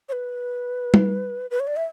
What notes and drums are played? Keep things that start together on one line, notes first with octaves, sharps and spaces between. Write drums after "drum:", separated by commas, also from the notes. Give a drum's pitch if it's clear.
C#5
B4
drum: tom G3
B4
C#5
D5
E5